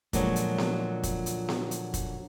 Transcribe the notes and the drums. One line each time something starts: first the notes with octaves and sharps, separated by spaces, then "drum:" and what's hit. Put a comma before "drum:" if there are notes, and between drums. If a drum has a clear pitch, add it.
A#2 D3 F3 F#3 G#3, drum: kick, hi-hat
drum: hi-hat
drum: snare B3
drum: kick, hi-hat
drum: hi-hat
drum: snare B3
drum: hi-hat
drum: kick, hi-hat